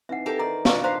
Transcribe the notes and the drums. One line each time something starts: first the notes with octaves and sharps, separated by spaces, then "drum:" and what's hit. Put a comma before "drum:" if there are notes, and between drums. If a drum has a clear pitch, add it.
E3 C4 D#4 E5 F#5 C7
G4 A4 A#4
D#3 D5 A#5
D#3 D4 F4 D5 F5 C#6 D6, drum: snare
A#4 C5 F5 A#5 C6 B6 C7